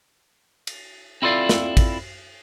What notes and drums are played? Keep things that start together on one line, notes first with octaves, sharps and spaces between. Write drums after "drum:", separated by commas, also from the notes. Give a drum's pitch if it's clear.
drum: cymbal
C4 E4 F4 A4 D5 F5
drum: snare
drum: kick, cymbal